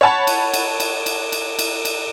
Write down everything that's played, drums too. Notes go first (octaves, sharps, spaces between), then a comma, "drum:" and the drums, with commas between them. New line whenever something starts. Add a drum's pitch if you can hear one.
C#5 F#5 A5 B5
drum: cymbal
drum: cymbal
drum: cymbal
drum: cymbal
drum: cymbal
drum: cymbal
drum: cymbal